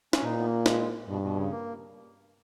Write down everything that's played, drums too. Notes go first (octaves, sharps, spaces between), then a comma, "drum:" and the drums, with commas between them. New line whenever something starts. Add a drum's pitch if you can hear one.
C#4, drum: snare
A#2 D#4
B3
A#3
G#3, drum: snare
G2 B2
B2
C#3
A#3